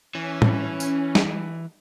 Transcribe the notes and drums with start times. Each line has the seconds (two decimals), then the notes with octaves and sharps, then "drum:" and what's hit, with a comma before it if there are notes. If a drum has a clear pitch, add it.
0.15 E3 C#4
0.42 drum: tom A2
0.80 drum: tambourine
1.15 drum: snare